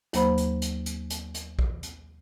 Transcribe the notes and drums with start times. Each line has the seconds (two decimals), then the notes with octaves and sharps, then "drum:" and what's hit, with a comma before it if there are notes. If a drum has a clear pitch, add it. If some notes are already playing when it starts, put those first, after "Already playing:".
0.13 D#2 F#3 A#3 C5 B5, drum: hi-hat
0.38 drum: hi-hat
0.62 drum: hi-hat
0.86 drum: hi-hat
1.10 drum: hi-hat
1.34 drum: hi-hat
1.59 drum: kick A#1
1.83 drum: hi-hat